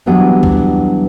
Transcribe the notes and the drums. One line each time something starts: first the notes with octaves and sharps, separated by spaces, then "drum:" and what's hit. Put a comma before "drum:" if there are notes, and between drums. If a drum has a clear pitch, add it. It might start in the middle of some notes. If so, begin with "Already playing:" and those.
E3 F#3 G3 B3 D4
drum: kick C2